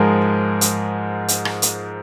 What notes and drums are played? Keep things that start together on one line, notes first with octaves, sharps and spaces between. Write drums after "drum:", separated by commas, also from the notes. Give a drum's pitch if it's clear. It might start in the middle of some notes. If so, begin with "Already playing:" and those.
Already playing: G#2 F3 G#3 G#4 A#4
drum: hi-hat
drum: hi-hat
drum: rim click
drum: hi-hat